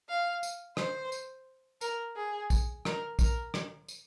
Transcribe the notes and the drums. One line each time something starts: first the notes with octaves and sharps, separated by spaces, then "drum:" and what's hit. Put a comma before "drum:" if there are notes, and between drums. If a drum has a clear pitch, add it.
F5
drum: tambourine
C5, drum: rim click
drum: tambourine
A#4, drum: tambourine
G#4
drum: kick A#1, tambourine
A#4, drum: rim click
A#4, drum: kick A#1, tambourine
drum: rim click
drum: tambourine